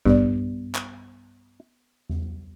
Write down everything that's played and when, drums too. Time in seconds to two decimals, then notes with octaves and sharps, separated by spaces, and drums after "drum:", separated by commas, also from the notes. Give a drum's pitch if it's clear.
0.06 G2 B3 D5, drum: kick G#1
0.75 drum: clap
2.09 drum: tom E2